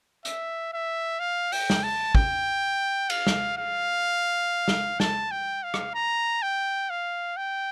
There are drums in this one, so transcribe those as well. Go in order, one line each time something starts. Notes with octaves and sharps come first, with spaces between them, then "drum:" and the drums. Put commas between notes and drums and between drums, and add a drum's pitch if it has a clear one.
E5, drum: hi-hat
E5
F5
G5, drum: open hi-hat
drum: snare
A5
G5, drum: kick
F5, drum: cymbal
drum: snare
F5
drum: snare
A5, drum: snare
G5
F5
drum: rim click
A#5
G5
F5
G5